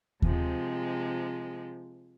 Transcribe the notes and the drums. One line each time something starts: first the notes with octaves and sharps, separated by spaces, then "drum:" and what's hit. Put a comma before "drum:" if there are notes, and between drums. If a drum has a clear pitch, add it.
C3 F3 G#3, drum: kick D#2